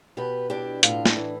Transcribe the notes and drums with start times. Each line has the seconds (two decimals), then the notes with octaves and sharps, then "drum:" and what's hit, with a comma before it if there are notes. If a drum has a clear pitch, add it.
0.17 B2 G4 B4
0.50 D4 E4 G4
0.83 A2 F4, drum: hi-hat
1.06 E4, drum: snare
1.17 E3